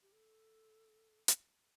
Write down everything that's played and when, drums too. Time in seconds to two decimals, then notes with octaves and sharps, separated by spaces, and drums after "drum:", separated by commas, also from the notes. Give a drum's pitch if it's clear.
0.02 G4
0.12 A4
1.28 drum: hi-hat